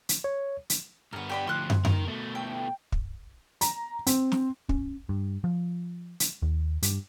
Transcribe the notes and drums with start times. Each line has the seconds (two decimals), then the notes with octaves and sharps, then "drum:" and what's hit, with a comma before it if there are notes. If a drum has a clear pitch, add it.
0.09 drum: hi-hat
0.24 C#5
0.70 drum: hi-hat
1.13 G2 B3 A#4 C#5
1.30 G4 D5 B5
1.47 D2 F3 C6 F#6
1.70 drum: tom
1.85 D#3 A#4, drum: tom
2.07 B2 A3
2.35 G5
2.92 drum: kick
3.61 A#5, drum: hi-hat
4.07 C4, drum: hi-hat
4.32 drum: snare
4.69 C#4, drum: kick
5.09 G2
5.44 F3
6.20 drum: hi-hat
6.42 D#2
6.83 G2, drum: hi-hat